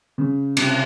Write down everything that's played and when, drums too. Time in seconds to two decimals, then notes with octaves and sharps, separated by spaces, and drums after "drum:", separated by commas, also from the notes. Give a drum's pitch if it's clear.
0.18 C#3
0.57 C3, drum: cymbal